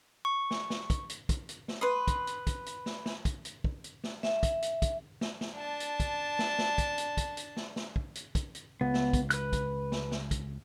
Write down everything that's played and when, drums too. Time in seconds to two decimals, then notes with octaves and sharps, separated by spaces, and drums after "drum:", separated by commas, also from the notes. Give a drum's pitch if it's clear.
0.25 C#6
0.51 drum: snare
0.70 drum: snare
0.90 drum: kick, hi-hat
1.10 drum: hi-hat
1.29 drum: kick, hi-hat
1.49 drum: hi-hat
1.68 drum: snare
1.81 B4 B5 C6 D#6
2.08 drum: kick, hi-hat
2.27 drum: hi-hat
2.47 drum: kick, hi-hat
2.66 drum: hi-hat
2.86 drum: snare
3.06 drum: snare
3.25 drum: kick, hi-hat
3.45 drum: hi-hat
3.64 drum: kick
3.84 drum: hi-hat
4.04 drum: snare
4.23 E5, drum: snare
4.43 drum: kick, hi-hat
4.62 drum: hi-hat
4.82 drum: kick, hi-hat
5.21 drum: snare
5.41 drum: snare
5.55 D4 A5
5.80 drum: hi-hat
6.00 drum: kick, hi-hat
6.39 drum: snare
6.59 drum: snare
6.78 drum: kick, hi-hat
6.98 drum: hi-hat
7.17 drum: kick, hi-hat
7.37 drum: hi-hat
7.57 drum: snare
7.76 drum: snare
7.96 drum: kick
8.15 drum: hi-hat
8.35 drum: kick, hi-hat
8.55 drum: hi-hat
8.81 C#2 B3
8.94 drum: snare
9.13 drum: kick, hi-hat
9.30 B4 F#6, drum: hi-hat
9.53 drum: kick, hi-hat
9.92 drum: snare
10.11 drum: snare
10.31 drum: kick, hi-hat